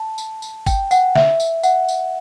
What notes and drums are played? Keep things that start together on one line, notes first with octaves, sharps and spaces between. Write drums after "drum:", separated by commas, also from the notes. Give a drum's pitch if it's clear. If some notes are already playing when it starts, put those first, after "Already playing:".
Already playing: A5
drum: tambourine
drum: tambourine
G5, drum: kick, tambourine
F#5, drum: tambourine
E5, drum: snare
drum: tambourine
F#5, drum: tambourine
drum: tambourine